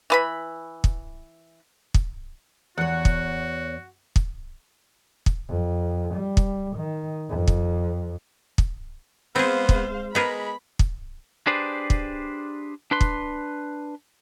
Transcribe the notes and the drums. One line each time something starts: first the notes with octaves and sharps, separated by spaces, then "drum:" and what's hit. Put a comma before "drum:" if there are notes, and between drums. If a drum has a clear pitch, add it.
E3 B4 B5
drum: kick
drum: kick
E2 F#4 C#5 F#5
drum: kick
drum: kick
drum: kick
F2
G3
drum: kick
D#3
F2
drum: kick
drum: kick
G#3 B3 C4 G#4 C5 F5
drum: kick
G#3 B3 G#4 A#4 B5
drum: kick
D4 G4 G#4 B4 C5 D5
drum: kick
D4 B4 C6
drum: kick